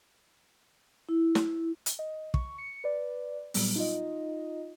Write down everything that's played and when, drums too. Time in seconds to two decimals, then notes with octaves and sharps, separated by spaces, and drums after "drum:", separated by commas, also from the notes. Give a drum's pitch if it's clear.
1.09 E4
1.35 drum: snare
1.86 drum: hi-hat
1.99 D#5
2.34 C#6, drum: kick
2.58 C#7
2.84 B4 D5
3.54 A#2 F#3 G3 B3, drum: open hi-hat
3.76 D#4 F4 D#5